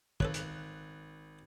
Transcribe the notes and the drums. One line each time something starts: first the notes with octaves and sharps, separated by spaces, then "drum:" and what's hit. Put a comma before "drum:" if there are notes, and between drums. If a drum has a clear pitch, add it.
G#1 A4 B4 C#5 F#6, drum: kick
drum: hi-hat